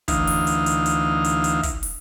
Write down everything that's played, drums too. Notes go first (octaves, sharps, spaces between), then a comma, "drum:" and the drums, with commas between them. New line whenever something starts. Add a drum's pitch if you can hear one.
D2 E3 D#4 F5, drum: kick, hi-hat
drum: open hi-hat
drum: hi-hat
drum: hi-hat
drum: hi-hat
drum: hi-hat
drum: hi-hat
drum: kick, hi-hat
drum: open hi-hat